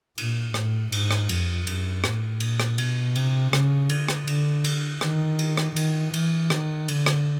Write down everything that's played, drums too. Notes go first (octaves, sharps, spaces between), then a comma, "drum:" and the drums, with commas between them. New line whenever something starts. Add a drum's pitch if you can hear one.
A#2, drum: cymbal
A2, drum: rim click
G#2, drum: cymbal
drum: rim click
F2, drum: cymbal
F#2, drum: cymbal
A2, drum: rim click
A#2, drum: cymbal
drum: rim click
B2, drum: cymbal
C3, drum: cymbal
C#3, drum: rim click
D3, drum: cymbal
drum: rim click
D3, drum: cymbal
drum: cymbal
D#3, drum: rim click
drum: cymbal
drum: rim click
D#3, drum: cymbal
E3, drum: cymbal
D#3, drum: rim click
D3, drum: cymbal
drum: rim click